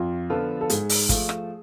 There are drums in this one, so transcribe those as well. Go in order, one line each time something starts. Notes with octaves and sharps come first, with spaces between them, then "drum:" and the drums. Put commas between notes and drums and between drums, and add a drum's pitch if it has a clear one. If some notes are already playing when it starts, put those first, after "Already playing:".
Already playing: F2 F4
D3 F3 B3 F4 A4
A4
G#2 G#4, drum: hi-hat
drum: open hi-hat
F3 A3, drum: kick, hi-hat
drum: rim click